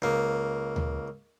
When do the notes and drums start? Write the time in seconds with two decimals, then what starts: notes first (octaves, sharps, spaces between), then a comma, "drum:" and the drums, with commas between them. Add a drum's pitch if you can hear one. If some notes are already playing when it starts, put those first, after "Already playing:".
0.02 C#2 A#3
0.76 drum: tom D2